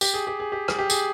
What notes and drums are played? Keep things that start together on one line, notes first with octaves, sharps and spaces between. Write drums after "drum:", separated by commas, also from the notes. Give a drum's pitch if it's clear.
G4, drum: tambourine
G#4
G4
G#4
G4
G#4, drum: rim click
G4
G#4, drum: tambourine